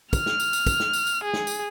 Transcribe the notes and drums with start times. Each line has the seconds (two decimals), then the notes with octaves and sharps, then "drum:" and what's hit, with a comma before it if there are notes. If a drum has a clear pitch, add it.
0.13 F6, drum: kick, tambourine
0.26 drum: snare
0.40 drum: tambourine
0.53 drum: tambourine
0.66 drum: kick, tambourine
0.80 drum: snare
0.93 drum: tambourine
1.07 drum: tambourine
1.24 G#4
1.34 drum: snare
1.47 drum: tambourine